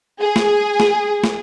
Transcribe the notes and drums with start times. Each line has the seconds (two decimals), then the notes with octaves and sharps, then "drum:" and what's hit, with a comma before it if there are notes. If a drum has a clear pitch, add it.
0.21 G#4
0.36 drum: snare
0.80 drum: snare
1.24 drum: snare